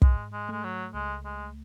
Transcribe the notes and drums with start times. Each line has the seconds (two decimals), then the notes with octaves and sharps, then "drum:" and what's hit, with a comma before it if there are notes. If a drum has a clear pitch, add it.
0.02 G#2 G#3, drum: kick
0.33 G#3
0.49 G#3 A3
0.64 F#3
0.94 C#2 G#3
1.25 G#3